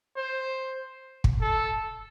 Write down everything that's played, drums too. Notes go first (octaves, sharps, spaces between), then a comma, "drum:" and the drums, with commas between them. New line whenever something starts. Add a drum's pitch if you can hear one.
C5
drum: kick
A4